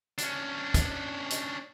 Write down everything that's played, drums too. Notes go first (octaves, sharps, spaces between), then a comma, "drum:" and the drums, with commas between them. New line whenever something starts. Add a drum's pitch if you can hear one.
C#4 D4, drum: hi-hat
drum: kick, hi-hat
drum: hi-hat